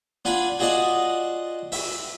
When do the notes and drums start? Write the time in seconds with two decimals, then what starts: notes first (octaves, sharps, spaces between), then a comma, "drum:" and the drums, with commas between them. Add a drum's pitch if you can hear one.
0.25 D4 F4 F#5 G#5 B5
0.59 F4 F#4 G#4 D5 D#5 F#5
1.72 E5, drum: open hi-hat